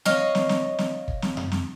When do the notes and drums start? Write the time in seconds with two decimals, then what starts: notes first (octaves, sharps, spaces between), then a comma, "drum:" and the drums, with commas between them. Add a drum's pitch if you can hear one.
0.05 C#5 D#5 F5, drum: snare
0.35 drum: snare
0.49 drum: snare
0.79 drum: snare
1.08 drum: kick
1.22 drum: snare
1.37 drum: tom F#2
1.52 drum: snare